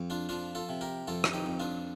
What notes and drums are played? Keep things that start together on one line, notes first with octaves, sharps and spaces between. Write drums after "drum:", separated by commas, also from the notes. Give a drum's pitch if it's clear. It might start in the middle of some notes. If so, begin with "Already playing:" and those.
Already playing: F2
D4 F4
F3 D4 F4
F4 A4
C3
G4 A#4
F2 F4 A4
drum: rim click
D#4 G4
F2
D4 F4